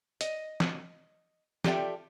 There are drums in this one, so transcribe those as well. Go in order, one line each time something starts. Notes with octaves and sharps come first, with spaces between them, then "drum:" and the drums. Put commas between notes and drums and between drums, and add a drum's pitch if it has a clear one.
D#5, drum: hi-hat
drum: snare
F4 G4 A4 D5 E5 G5, drum: snare